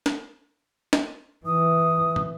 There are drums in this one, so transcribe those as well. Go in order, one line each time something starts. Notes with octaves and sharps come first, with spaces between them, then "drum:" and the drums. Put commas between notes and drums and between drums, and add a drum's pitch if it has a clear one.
drum: snare
drum: snare
E3 D#6
drum: tom